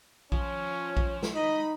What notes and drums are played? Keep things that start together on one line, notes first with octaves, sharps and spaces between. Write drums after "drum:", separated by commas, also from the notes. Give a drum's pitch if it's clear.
F3 C#4 C#5, drum: kick A#1
drum: kick A#1
drum: snare
D#4 D#5 B5